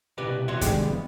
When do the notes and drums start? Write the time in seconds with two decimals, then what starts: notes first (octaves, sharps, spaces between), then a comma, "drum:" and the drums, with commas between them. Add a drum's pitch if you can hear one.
0.18 C2 B2 G4 B4 D5 B5
0.48 E2 B3 F#4 C#5 E5 C6
0.61 C2 D3 D#3 G#3 G4 G5, drum: kick, hi-hat
0.83 F2 B3